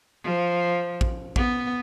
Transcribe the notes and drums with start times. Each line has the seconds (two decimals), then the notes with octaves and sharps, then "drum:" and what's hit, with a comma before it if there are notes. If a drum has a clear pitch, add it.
0.24 F3
1.01 drum: kick
1.36 B3, drum: kick